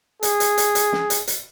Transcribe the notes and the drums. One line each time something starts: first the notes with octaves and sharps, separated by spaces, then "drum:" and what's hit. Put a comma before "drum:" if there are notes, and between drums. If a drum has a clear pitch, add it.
G#4, drum: hi-hat
drum: hi-hat
drum: hi-hat
drum: hi-hat
drum: snare
drum: hi-hat
drum: hi-hat